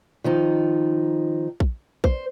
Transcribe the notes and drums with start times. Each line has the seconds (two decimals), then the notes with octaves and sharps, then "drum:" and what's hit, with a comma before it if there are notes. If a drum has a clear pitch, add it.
0.24 D#3 F3 D#4
1.60 drum: kick A#1
2.04 C5, drum: kick A#1